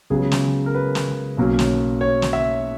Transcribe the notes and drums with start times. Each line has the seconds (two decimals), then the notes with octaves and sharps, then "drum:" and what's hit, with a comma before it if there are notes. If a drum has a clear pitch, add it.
0.10 C#2 C#3 F#3 B3 G#4
0.32 drum: snare
0.66 A#4
0.74 B4
0.95 drum: snare
1.37 B1 B2 F#3 A#3 C#4
1.59 drum: snare
2.01 C#5
2.22 drum: snare
2.33 E5